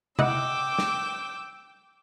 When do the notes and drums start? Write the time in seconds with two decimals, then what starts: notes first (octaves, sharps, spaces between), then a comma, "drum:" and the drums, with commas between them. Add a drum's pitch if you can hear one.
0.19 E4 D#5 F#5 G5 D6 E6, drum: tom C3
0.79 drum: snare